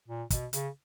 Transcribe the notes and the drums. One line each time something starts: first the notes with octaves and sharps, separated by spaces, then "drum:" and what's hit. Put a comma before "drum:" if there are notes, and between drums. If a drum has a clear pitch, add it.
A#2
B2, drum: kick, hi-hat
C#3, drum: hi-hat